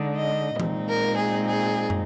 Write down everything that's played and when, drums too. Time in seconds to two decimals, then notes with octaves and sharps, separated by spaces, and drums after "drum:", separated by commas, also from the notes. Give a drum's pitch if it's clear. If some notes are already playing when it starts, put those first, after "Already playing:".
Already playing: D3 G#3 D#4
0.16 D#5
0.60 A#2 G#3 C4 D#4, drum: tom E3
0.89 A#4
1.18 G#4
1.47 G#4
1.90 drum: tom